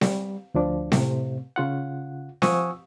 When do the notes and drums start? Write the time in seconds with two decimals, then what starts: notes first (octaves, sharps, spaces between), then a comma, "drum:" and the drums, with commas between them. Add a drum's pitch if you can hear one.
0.01 G3, drum: snare C4
0.54 D2 F3 D4
0.92 A2 C3, drum: snare C4
1.56 C#3 F4 F#5
2.42 F3 F#5 G#5 C#6 D#6 E6, drum: snare C4